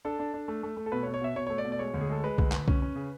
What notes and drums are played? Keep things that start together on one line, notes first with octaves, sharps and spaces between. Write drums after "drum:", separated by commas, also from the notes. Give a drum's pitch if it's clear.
D4 A4
D4
D4
A3
A3
A3
A4
B2 B4
C#5
B2
C#5
B2 E5
B2 C#5
A3 C#5
D5
B2
D5
G#3 C#5
D2
G#4
G#3 A4
G#3 B4
D2, drum: kick C2
D2, drum: clap
C#4, drum: kick C2
C#4
C#3